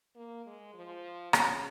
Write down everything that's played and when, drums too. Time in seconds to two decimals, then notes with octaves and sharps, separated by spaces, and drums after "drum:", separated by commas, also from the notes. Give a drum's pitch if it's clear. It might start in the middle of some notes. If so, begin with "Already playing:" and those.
0.16 A#3
0.46 G#3
0.74 F3
1.33 C#3, drum: rim click